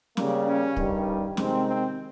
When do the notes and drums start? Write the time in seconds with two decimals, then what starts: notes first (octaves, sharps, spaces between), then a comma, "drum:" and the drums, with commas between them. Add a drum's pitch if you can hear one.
0.17 C#3 G3 A#3, drum: snare
0.46 C#4
0.76 G2 D#3 G3, drum: kick
1.37 C3 D#3 G#3 C4, drum: snare
1.67 C4